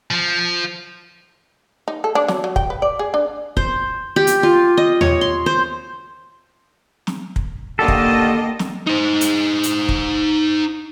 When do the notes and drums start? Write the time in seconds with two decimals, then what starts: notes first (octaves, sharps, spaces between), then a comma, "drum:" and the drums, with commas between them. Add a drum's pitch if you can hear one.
0.11 F3
1.88 D#4
2.04 A4
2.15 D4
2.28 F#3, drum: snare
2.44 F#3
2.56 G5, drum: kick
2.70 B4
2.82 D5
2.99 G#4
3.14 D4
3.57 C5, drum: kick
4.16 G4
4.27 drum: hi-hat
4.43 F4
4.77 D#5
5.01 C#5, drum: tom D#2
5.21 C6
5.46 C5
7.07 drum: snare
7.36 drum: kick
7.79 D3 D#3 A#3 G4 A4 D#5
7.88 drum: kick
8.59 drum: snare
8.87 D#4 C5
9.21 drum: hi-hat
9.63 drum: hi-hat
9.89 drum: kick